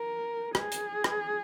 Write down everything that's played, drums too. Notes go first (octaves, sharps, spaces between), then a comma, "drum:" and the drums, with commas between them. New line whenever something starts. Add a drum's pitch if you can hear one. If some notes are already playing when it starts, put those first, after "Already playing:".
Already playing: A#4
G#4, drum: rim click
drum: hi-hat
drum: rim click